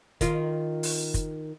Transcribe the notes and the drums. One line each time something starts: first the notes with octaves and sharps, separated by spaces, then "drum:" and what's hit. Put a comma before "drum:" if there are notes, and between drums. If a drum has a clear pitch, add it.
D#3 F4, drum: kick, hi-hat
drum: open hi-hat
drum: kick, hi-hat